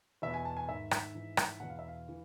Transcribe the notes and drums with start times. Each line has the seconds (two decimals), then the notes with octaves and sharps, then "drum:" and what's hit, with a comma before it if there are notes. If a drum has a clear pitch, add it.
0.22 E2 B2 E5
0.34 G#5
0.45 A5
0.57 G#5
0.68 G#2 D#3 E5
0.91 drum: rim click
1.15 G#2 E3
1.37 drum: rim click
1.60 E2 B2 F#5
1.70 F5
1.79 E5
1.88 F5
2.09 E3